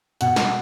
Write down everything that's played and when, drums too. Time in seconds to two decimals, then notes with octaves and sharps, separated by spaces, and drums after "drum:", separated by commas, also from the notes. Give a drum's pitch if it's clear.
0.21 B2 F#5, drum: hi-hat
0.36 drum: snare